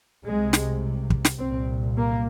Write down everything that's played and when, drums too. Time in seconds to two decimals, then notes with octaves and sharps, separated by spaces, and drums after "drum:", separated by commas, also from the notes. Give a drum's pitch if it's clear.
0.24 C2 C3 G#3
0.53 drum: snare
1.10 drum: kick
1.25 drum: snare
1.39 C2 A#2 C4
1.96 A#3